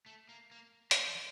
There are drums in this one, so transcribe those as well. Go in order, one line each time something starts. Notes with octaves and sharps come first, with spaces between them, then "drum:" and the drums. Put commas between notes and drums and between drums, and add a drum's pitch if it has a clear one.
A3
A#3
A#3
A3, drum: hi-hat
F3